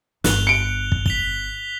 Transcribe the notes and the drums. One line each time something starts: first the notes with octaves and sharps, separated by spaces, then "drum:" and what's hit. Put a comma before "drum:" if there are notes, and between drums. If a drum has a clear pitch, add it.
G1 F#6 F7 G7, drum: snare
C#7 D7
drum: kick
B6 F7 G7, drum: kick